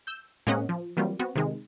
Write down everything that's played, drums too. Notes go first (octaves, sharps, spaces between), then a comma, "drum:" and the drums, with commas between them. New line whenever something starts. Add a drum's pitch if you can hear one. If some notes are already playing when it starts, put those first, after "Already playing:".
E6 G6
G#3 A#3 C4 C#4 D#5 F#5, drum: tom A2
F3
E3 F#3 G3 A#3 C4 F4
B3 C4 F#4
C3 D#3 G#3